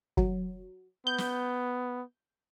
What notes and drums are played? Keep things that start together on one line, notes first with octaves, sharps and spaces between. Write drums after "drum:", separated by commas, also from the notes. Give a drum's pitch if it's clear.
F#3, drum: kick
B3 G6
drum: snare